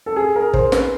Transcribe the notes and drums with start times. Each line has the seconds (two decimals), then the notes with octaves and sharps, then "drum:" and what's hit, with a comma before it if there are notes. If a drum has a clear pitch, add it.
0.06 A4
0.16 G#4
0.36 A#4
0.54 C5, drum: kick
0.72 B4, drum: snare